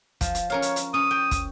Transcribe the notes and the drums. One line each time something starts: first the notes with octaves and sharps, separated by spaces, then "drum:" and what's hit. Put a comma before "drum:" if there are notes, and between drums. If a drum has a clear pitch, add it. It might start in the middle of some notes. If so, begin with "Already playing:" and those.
F3, drum: kick, hi-hat
drum: hi-hat
C#4 A#4 C#5 F5
drum: hi-hat
drum: hi-hat
C#4 D#6
G5
drum: kick, hi-hat